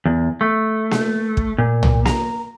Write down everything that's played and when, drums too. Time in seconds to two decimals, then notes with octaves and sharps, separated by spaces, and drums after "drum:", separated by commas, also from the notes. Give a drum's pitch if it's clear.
0.06 E2
0.41 A3
0.91 drum: snare A#3
1.37 drum: kick
1.58 A#2
1.83 drum: tom C2
2.06 A#5, drum: snare A#3